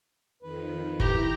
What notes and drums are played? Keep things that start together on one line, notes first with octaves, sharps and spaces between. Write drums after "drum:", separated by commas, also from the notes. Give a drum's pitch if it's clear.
F2 D#3 B4
E4 G4 A#5, drum: kick F#1